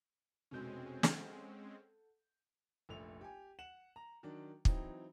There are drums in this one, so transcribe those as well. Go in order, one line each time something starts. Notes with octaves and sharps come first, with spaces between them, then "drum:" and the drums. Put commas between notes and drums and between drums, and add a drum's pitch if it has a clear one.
F1 B2 G#3 C4 C#4 G6
A4 F#5, drum: snare
F1 A#1 A3 F7
G4 G#5
F#5 E7 F#7
A#5
D#3 F#3 D4
E3 F#3 C4 D#4, drum: kick